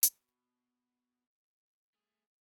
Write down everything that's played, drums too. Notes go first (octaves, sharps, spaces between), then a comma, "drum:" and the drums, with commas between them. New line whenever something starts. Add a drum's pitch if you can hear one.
B2, drum: hi-hat
A3 G#4